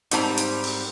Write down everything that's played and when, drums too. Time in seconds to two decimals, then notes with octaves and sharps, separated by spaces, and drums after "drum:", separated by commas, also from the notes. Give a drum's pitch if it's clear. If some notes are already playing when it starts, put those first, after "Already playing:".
0.11 G#2 G3 C4 A5 A#5, drum: hi-hat
0.38 drum: hi-hat
0.64 drum: open hi-hat